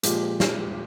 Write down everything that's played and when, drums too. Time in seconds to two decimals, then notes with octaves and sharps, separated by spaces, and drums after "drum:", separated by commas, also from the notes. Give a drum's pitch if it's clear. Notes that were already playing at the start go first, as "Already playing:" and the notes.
0.03 A#2 F3 G#3 G4, drum: hi-hat
0.40 drum: snare